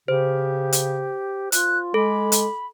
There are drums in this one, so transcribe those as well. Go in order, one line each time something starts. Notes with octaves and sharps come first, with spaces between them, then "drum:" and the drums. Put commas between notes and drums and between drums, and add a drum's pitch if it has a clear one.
C#3 G4 C5
drum: hi-hat
F4 F#6, drum: hi-hat
G#3 A4 B5
drum: hi-hat